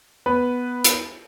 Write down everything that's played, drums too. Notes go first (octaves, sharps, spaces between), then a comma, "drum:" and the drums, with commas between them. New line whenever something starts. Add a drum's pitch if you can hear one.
B3 B4
drum: hi-hat